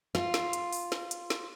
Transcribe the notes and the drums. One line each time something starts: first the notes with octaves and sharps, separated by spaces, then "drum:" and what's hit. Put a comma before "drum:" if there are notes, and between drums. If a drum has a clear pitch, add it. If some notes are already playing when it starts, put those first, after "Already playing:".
F4, drum: snare
drum: snare
drum: hi-hat
drum: open hi-hat
drum: snare
drum: hi-hat
drum: snare